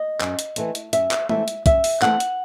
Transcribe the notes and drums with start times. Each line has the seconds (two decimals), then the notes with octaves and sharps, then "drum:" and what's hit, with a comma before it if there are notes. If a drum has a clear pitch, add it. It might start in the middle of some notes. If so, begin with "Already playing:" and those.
Already playing: D#5
0.21 F#2, drum: clap
0.39 drum: hi-hat
0.56 E3 A3 C4, drum: hi-hat
0.75 drum: hi-hat
0.93 F#2 E5, drum: hi-hat
1.11 drum: clap
1.29 E3 A3 C4 E5, drum: tom G#3
1.48 drum: hi-hat
1.66 F#2 E5, drum: kick, hi-hat
1.84 drum: open hi-hat
2.02 E3 A3 C4 F#5, drum: clap
2.20 drum: hi-hat